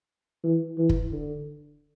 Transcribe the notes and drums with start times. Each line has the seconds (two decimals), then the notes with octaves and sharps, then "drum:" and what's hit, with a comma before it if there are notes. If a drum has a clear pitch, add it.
0.44 E3
0.78 E3
0.89 drum: kick
1.12 D3